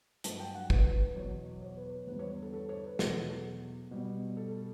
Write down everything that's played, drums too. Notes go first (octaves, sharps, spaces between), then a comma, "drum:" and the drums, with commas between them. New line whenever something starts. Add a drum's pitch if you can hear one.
G2 F#3 A5, drum: hi-hat
G5
F#5
B4, drum: kick
E2 B2 F#3 C#5
C#5
B4
E2 D3 G3 B4
C#5
B4
A4
A4
C#5
B4
E2 B2 F#3 A4, drum: snare
B2 G3
A4
A4